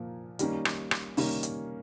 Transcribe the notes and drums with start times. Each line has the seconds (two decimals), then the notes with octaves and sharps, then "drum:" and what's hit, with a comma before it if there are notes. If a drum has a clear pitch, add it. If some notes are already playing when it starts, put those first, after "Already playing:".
Already playing: A#2 F3 A#3
0.39 D#3 G3 A#3 C#4, drum: hi-hat
0.65 drum: rim click
0.91 drum: rim click
1.17 D#3 G3 A#3 C#4, drum: open hi-hat
1.43 drum: hi-hat